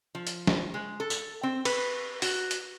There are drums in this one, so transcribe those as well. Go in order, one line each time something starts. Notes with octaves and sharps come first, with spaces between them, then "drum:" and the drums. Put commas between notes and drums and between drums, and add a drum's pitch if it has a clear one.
F3
drum: hi-hat
drum: snare
G#3
A4
drum: tambourine
C4
B4, drum: cymbal
F#4, drum: open hi-hat
drum: hi-hat